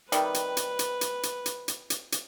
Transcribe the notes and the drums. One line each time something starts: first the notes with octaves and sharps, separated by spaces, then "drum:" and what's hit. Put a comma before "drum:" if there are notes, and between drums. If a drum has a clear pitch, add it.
C3 D#3 G3 B4, drum: hi-hat
drum: hi-hat
drum: hi-hat
drum: hi-hat
drum: hi-hat
drum: hi-hat
drum: hi-hat
drum: hi-hat
drum: hi-hat
drum: hi-hat